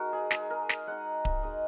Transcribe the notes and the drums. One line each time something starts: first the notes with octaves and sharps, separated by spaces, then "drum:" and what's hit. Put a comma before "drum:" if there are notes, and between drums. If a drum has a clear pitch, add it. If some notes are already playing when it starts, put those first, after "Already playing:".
Already playing: G#3 D#4 F#4 A#4
G#4
G#3 D#4 G#4, drum: snare
A#4
D#5, drum: snare
G#3 D#4 F#5
drum: kick D1
G#3 D#4 D#5